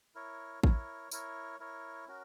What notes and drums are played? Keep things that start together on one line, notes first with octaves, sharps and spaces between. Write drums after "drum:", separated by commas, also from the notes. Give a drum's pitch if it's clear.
E4 A#4 C#5
E4 A#4 C#5, drum: kick A1
E4 A#4 C#5, drum: tambourine
E4 A#4 C#5
C#4 F#4 A#4